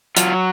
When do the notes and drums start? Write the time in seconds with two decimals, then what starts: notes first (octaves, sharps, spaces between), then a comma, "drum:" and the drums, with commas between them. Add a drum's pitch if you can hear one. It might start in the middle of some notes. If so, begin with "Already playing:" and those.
0.17 F#3 F4, drum: hi-hat